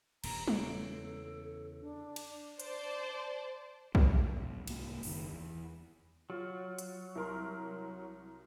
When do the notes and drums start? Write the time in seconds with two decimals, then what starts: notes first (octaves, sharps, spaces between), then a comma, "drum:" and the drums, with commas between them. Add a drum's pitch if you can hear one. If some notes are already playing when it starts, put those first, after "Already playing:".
0.24 D#1 G2 A#5, drum: cymbal
0.48 E2 C#3 A4, drum: tom G3
1.81 D4
2.16 drum: cymbal
2.60 C5 D5 A5, drum: hi-hat
3.95 B1 G#2 B2, drum: kick
4.39 B1
4.67 C2 G#2 A#3, drum: cymbal
5.03 F#1 C3 D#3, drum: open hi-hat
5.32 E2
6.30 F#3 F4
6.79 drum: hi-hat
7.15 C2 A#4 C6